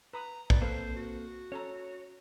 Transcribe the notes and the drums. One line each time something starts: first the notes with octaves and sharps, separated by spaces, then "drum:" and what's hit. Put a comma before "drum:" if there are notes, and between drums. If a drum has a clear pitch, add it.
B4 A#5 B5 D#6
B4 D5, drum: kick A#1
A#3 C4 A4 B4 C5 F5
F#4
C#4 A4 C#5 A#5